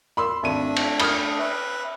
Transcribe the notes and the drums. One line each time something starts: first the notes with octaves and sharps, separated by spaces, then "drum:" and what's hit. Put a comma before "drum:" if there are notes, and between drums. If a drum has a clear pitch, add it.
B5 C6 E6
G#1 A3 D4 E5 D#7
drum: cymbal
B5 D#6 F6, drum: cymbal
B4 E5